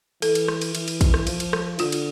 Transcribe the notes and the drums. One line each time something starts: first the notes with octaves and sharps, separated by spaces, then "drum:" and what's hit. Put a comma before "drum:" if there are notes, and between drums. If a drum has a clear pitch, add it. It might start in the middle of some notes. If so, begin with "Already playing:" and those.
E3 A4, drum: cymbal
drum: cymbal
drum: rim click
drum: cymbal
E3, drum: cymbal
drum: cymbal
drum: kick, cymbal
drum: rim click
F3, drum: cymbal
drum: cymbal
drum: rim click
D3 F4, drum: cymbal
drum: cymbal